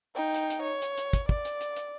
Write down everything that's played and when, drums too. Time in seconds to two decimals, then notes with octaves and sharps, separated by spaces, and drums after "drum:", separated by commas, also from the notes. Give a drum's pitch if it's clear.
0.15 D#4 G5
0.35 drum: hi-hat
0.50 drum: hi-hat
0.63 C#5
0.82 drum: hi-hat
0.98 drum: hi-hat
1.13 drum: kick, hi-hat
1.29 D5, drum: kick
1.45 drum: hi-hat
1.61 drum: hi-hat
1.76 drum: hi-hat